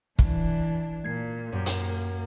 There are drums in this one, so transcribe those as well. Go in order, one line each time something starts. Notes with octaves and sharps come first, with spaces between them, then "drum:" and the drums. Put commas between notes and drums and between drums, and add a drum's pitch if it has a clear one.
E3 D4, drum: kick
A#2 G#6 C7
F#2 A#3 G4
drum: hi-hat